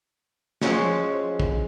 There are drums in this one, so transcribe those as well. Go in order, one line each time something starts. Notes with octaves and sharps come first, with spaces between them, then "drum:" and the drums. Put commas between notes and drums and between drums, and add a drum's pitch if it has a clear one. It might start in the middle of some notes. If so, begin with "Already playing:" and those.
F3 F#3 G#3 C#4, drum: snare
drum: kick